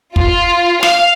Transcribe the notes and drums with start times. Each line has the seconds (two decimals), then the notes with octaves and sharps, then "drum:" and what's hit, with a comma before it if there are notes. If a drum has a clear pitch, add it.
0.16 F4, drum: kick
0.83 F5, drum: snare